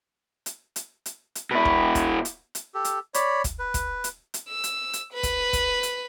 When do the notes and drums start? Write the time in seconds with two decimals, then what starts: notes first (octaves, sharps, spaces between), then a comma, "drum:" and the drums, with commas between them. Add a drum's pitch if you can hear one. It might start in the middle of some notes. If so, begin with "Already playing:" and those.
0.46 drum: hi-hat
0.76 drum: hi-hat
1.06 drum: hi-hat
1.35 drum: hi-hat
1.51 B2 E4
1.65 drum: kick
1.95 drum: kick, hi-hat
2.25 drum: hi-hat
2.55 drum: hi-hat
2.74 G4 A4
2.85 drum: hi-hat
3.14 C#5 D5 B5, drum: hi-hat
3.44 drum: kick, hi-hat
3.59 B4
3.74 drum: kick, hi-hat
4.04 drum: hi-hat
4.34 drum: hi-hat
4.49 E6
4.64 drum: hi-hat
4.93 drum: hi-hat
5.13 B4
5.23 drum: kick, hi-hat
5.53 drum: kick, hi-hat
5.83 drum: hi-hat